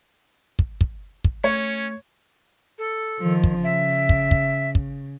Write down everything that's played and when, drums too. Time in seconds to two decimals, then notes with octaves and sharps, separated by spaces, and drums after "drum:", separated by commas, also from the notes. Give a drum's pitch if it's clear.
0.59 drum: kick
0.81 drum: kick
1.24 drum: kick
1.44 A3 C#4 C#5
2.78 A4
3.20 D#3 F3
3.44 drum: kick
3.63 C#3 E5
4.09 drum: kick
4.31 drum: kick
4.75 drum: kick